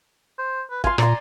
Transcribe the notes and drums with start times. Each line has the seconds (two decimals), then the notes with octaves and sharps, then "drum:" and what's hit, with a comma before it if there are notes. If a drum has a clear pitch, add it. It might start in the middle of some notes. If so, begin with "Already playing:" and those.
0.38 C5
0.71 B4
0.84 F4 G#5 C6, drum: kick
0.98 A#2 D5 A#5 C6, drum: rim click